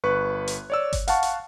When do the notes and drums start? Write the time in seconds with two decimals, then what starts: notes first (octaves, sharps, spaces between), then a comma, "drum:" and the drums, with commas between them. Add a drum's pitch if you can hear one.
0.04 G1 B4 C#6 F#6
0.48 drum: hi-hat
0.70 C#5 D5 E6
0.93 drum: kick G1, hi-hat
1.08 F5 F#5 A5 C#6, drum: hi-hat
1.23 drum: hi-hat